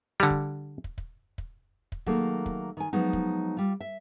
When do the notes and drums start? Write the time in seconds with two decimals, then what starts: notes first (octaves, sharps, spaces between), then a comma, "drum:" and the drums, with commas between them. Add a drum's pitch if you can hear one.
0.20 D3 G3
0.30 drum: kick
0.84 drum: kick
0.98 drum: kick
1.38 drum: kick
1.92 drum: kick
2.06 D#3 F#3 A3 A#3 G#4, drum: kick
2.46 drum: kick
2.77 D#3 G#5
2.93 F3 F#3 G#3 B3 D#4
3.13 drum: kick
3.57 G3 F4
3.80 E5